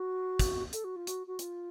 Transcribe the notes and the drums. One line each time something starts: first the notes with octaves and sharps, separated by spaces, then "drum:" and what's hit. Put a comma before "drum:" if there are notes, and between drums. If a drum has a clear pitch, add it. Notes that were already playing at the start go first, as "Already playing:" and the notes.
Already playing: F#4
drum: kick, hi-hat
A4, drum: hi-hat
F#4
F4
F#4, drum: hi-hat
F#4
F4, drum: hi-hat